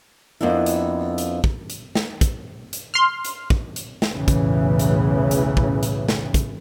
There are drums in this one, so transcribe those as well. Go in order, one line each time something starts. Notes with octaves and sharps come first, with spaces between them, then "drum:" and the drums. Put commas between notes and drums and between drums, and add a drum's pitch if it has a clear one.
F2 A#3 B3 D4 E4
drum: hi-hat
drum: hi-hat
drum: kick
drum: hi-hat
drum: snare
drum: kick, hi-hat
drum: hi-hat
C6 F6
drum: hi-hat
drum: kick
drum: hi-hat
drum: snare
B1 E2 A2 C#3 E3
drum: kick, hi-hat
drum: hi-hat
drum: hi-hat
drum: kick
drum: hi-hat
drum: snare
drum: kick, hi-hat